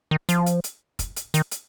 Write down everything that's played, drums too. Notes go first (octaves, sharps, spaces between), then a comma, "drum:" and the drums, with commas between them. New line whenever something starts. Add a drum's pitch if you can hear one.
D#3
F3, drum: hi-hat
drum: hi-hat
drum: hi-hat
drum: kick, hi-hat
drum: hi-hat
D#3, drum: hi-hat
drum: hi-hat